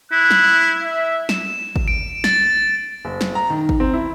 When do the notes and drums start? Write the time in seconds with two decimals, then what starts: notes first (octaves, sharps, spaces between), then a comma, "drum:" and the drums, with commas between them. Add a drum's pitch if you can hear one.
0.12 E4 F#6
0.31 drum: snare
0.83 E5
1.29 E7, drum: snare
1.76 drum: kick G#1
1.88 D7
2.24 A6, drum: snare
3.05 F#1
3.21 drum: snare
3.35 A#5
3.50 D#3
3.69 drum: kick G#1
3.80 C4
3.94 E4